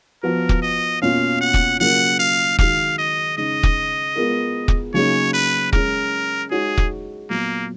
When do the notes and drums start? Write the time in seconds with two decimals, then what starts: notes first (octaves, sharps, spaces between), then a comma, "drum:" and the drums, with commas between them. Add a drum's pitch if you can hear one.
0.23 F3 B3 F#4 A#4 B4
0.49 drum: kick
0.62 D#5
1.02 B2 A#3 C#4 F4 F5
1.41 F#5
1.54 drum: kick
1.80 C#3 F#3 A#3 F4 A#4 F#5
2.19 F5
2.59 D#3 G#3 D#4 F#4 F5, drum: kick
2.98 D#5
3.37 C#3 G#3 D#4 D#5
3.63 drum: kick
4.15 G#3 B3 F4 A#4
4.68 drum: kick
4.94 C#3 F#3 A#3 D#4 G#4 C#5
5.33 B4
5.73 G#3 C#4 G#4 A#4, drum: kick
6.51 G#3 D#4 F#4 G#4 C#5
6.78 drum: kick
7.30 A#2 F#3 A#3 B3